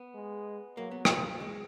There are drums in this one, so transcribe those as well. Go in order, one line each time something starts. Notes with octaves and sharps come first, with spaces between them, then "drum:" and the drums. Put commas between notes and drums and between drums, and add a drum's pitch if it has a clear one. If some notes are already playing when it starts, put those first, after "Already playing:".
Already playing: B3
G#3
F#3 A#3
B3
A#3, drum: rim click
G#3